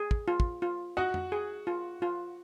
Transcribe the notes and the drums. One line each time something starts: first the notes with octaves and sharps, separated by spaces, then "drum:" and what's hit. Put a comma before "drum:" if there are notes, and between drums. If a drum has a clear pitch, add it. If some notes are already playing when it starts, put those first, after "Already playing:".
Already playing: G#4
drum: kick
F4
drum: kick
F4
F#4 D#5 F#5
drum: tom F2
G#4
F4
F4